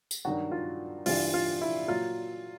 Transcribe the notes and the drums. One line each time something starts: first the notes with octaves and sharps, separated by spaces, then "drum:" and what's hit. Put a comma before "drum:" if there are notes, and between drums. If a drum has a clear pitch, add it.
drum: tambourine
G2 D#3 F#3 F#4
F4
G2 E3 G3 F4, drum: open hi-hat
F4
E4
A#2 F#3 F4